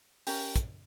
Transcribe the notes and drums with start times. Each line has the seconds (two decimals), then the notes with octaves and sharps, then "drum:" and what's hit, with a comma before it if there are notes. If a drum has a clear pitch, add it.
0.27 C#4 G4 A#4, drum: open hi-hat
0.56 drum: kick, hi-hat